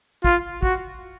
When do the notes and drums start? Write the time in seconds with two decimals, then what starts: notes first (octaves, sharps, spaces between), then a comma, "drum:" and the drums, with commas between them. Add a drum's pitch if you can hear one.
0.24 F4, drum: kick
0.63 F#4, drum: kick